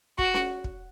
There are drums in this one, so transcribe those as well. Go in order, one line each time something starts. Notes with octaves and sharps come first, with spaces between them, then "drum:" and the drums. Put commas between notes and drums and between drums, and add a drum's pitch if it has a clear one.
F#4, drum: kick
drum: snare C#4
drum: kick